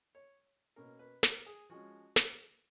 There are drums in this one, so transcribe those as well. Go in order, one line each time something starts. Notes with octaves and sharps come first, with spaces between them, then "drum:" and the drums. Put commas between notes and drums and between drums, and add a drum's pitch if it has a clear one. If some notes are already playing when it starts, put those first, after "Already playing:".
C#5
B2 A#3 C#4 A#4
B4
A#4, drum: snare
G#4
F3 G#3 C#4 F#4
drum: snare